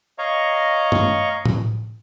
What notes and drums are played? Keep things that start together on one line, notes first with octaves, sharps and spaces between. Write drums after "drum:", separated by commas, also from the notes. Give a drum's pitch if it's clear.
C#5 D#5 F5 A#5 C#6
drum: tom G2
drum: tom A2